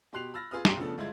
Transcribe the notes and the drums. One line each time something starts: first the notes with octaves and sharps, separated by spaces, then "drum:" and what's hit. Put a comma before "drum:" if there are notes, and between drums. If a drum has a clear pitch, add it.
B2 G4 C6 F#6 C7 F7
B5 E6 F6 A6 A#6
F4 G#4 B4 D#6 F6
B1 F#2 B2 G5 A#5 C6, drum: snare
C#3 F3 A3 B3 D4 A4
G1 G#3 E4 F4 G#6